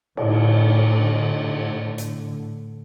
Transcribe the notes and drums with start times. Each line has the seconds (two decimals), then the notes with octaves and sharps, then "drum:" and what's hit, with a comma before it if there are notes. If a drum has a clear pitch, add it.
0.17 A2 D3, drum: cymbal
1.98 drum: hi-hat